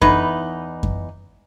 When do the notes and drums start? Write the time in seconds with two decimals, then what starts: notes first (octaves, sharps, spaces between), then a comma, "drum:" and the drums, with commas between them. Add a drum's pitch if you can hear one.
0.02 E2 D#4 B4, drum: kick F#2
0.83 drum: kick F#2